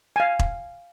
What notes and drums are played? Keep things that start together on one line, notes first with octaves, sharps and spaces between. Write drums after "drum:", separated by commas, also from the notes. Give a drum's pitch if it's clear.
F5 G#5
drum: kick E1